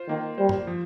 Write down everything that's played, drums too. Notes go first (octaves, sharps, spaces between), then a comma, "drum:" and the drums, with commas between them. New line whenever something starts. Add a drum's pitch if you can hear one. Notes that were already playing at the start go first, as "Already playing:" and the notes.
Already playing: F4 C5
D#3 A#3
G3 C5
drum: tom F#2
F3